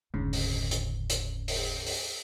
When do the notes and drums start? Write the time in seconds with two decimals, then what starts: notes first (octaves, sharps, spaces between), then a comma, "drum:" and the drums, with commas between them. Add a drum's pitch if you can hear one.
0.14 F1 D2 G#2 C#3
0.33 drum: open hi-hat
0.71 drum: hi-hat
1.10 drum: hi-hat
1.48 drum: open hi-hat
1.86 drum: open hi-hat